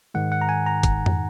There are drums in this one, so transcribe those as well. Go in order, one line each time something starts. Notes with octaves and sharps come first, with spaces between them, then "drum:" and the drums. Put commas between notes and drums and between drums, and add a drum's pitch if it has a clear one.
G#2 D#3 G#3 F#5
F#5
A#5
G#5
A#5
drum: kick, hi-hat
drum: tom F2